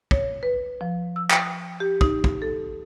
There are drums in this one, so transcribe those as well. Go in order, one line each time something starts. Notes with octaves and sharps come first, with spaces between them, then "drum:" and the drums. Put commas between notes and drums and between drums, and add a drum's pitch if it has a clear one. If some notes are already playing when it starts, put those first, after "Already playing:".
C#5, drum: kick
B4
F3
E6
G5, drum: clap
G4
D#4, drum: kick
drum: kick
A4